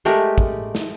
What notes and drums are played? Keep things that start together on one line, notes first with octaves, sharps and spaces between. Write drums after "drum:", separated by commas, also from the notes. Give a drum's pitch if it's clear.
G#3 A3 G4 A#4
drum: kick
drum: snare